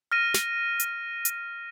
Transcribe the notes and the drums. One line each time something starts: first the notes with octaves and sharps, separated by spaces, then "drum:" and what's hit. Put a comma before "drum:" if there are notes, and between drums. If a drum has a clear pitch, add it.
F6 A#6 D#7
drum: snare
drum: hi-hat
drum: hi-hat